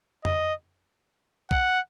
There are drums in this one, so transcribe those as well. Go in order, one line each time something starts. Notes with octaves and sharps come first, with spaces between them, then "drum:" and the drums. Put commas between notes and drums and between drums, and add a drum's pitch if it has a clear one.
D#5, drum: tom F2
F#5, drum: kick